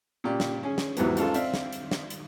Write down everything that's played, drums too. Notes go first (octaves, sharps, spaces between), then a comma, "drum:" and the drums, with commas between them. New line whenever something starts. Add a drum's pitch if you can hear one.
A#2 C#3 G4 D5
drum: snare
C#4 G#4
drum: snare
E2 G#2 E3 F#3 G3 B3, drum: hi-hat
G#1 G#2 C#3 F4 A4 A5, drum: hi-hat
C4 D5 E5 F5, drum: hi-hat
drum: snare
drum: hi-hat
drum: snare
drum: hi-hat